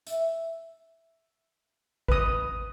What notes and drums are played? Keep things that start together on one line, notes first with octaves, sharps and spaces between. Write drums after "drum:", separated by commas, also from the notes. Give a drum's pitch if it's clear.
E5, drum: hi-hat
B4 D#6, drum: kick G#1